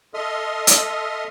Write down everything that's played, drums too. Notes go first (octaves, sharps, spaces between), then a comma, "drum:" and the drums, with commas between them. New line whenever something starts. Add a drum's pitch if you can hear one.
A4 D#5 E5 C6 D#6 F6
drum: hi-hat